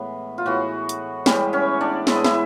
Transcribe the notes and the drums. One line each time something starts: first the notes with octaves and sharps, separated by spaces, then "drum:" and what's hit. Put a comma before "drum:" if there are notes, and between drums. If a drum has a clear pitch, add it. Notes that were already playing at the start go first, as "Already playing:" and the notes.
Already playing: A2 E3 G#3 B3
F4
A2 E3 G#3 B3 F#4
drum: hi-hat
A2 E3 G3 G#3 B3 G4, drum: snare
C#4 C#5
D4 D5
A2 E3 G#3 B3 E5, drum: snare
D#5
E4 E5, drum: snare